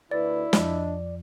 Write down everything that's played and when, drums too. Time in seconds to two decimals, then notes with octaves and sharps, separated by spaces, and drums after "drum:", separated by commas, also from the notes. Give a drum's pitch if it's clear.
0.11 D2 E4 B4 D5 A6
0.53 F2 F3 D4 D#5, drum: snare